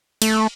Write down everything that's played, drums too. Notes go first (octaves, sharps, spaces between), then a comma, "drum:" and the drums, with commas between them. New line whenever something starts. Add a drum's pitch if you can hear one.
A3, drum: cymbal